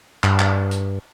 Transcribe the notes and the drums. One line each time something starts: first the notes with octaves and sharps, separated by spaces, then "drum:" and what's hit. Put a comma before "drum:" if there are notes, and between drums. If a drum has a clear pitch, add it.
G2, drum: clap
drum: clap
drum: hi-hat